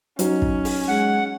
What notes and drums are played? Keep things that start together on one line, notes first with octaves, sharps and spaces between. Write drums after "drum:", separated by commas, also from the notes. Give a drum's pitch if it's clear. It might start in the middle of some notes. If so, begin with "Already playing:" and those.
F#3 C#4 D#4, drum: hi-hat
drum: kick
drum: open hi-hat
G#3 F#5